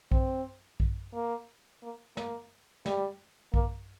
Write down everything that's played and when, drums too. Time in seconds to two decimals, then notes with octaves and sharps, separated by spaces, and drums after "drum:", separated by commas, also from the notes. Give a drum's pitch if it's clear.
0.12 C4, drum: kick A#1
0.80 drum: kick A#1
1.14 A#3
1.83 A#3
2.17 A#3, drum: snare
2.86 G3, drum: snare
3.54 A#3, drum: kick A#1